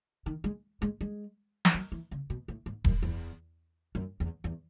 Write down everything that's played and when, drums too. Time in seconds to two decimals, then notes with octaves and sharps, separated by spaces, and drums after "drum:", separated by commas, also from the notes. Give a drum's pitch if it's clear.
0.26 D#3
0.44 G#3
0.82 G#3
1.01 G#3
1.65 drum: snare
1.74 F#3
1.92 E3
2.11 C#3
2.30 B2
2.48 A2
2.66 G#2
2.84 F#2, drum: kick D#1
3.03 E2
3.95 F#2
4.20 E2
4.44 E2